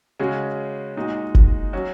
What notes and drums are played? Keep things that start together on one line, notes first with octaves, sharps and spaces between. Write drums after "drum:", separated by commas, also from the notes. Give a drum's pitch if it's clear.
C#3 G#3 C#4 F#4
A#2 G#3 D#4 F#4
drum: kick F#1
F#3 C#4 F#4